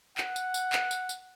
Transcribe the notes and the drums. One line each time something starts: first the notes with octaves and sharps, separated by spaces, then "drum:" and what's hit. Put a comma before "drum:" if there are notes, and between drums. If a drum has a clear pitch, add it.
F#5, drum: clap
drum: tambourine
drum: tambourine
drum: clap
drum: tambourine
drum: tambourine